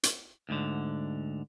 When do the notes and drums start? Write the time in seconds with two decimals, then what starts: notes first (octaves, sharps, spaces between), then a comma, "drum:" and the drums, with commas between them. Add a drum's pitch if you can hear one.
0.03 drum: hi-hat
0.49 D2 G#2 D3